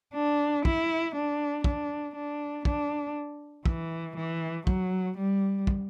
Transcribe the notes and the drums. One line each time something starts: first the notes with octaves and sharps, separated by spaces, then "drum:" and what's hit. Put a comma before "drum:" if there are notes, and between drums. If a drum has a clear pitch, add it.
D4
E4, drum: kick
D4
D4, drum: kick
D4
D4, drum: kick
E3, drum: kick
E3
F#3, drum: kick
G3
drum: kick